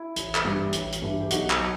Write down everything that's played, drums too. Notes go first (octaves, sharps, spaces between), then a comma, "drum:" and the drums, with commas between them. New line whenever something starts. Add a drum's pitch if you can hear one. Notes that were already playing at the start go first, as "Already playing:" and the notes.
Already playing: E4
A1, drum: hi-hat
drum: clap
G2 E3 G3
A1, drum: hi-hat
drum: hi-hat
G2 E3 G3
G4
B1 D#4 F#4, drum: hi-hat
drum: clap
F#3